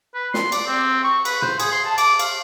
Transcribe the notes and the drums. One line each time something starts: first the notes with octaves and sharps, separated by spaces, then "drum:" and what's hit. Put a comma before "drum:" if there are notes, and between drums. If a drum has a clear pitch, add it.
B4
C6, drum: snare
D5, drum: cymbal
C4
C#6
B4, drum: cymbal
C5, drum: tom
G#4, drum: cymbal
C6
A5
D6, drum: cymbal
F5, drum: cymbal